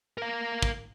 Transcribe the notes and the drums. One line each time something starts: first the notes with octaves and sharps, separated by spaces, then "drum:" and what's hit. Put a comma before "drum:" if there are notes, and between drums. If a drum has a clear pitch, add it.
A#4 F5
drum: kick